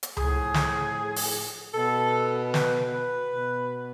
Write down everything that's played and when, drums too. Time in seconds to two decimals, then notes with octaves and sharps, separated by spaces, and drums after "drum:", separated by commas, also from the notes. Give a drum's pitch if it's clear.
0.03 drum: hi-hat
0.17 A2 F3 G#4, drum: tom C#2
0.54 drum: snare
1.16 drum: open hi-hat
1.74 B2 A4
2.54 B4, drum: snare
2.93 B4
3.33 B2